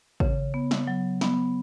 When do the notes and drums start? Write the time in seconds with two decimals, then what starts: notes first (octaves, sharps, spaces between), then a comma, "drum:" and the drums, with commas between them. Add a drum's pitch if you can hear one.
0.20 C#3, drum: kick A1
0.54 B3
0.71 drum: snare
0.87 F#3
1.21 B3, drum: snare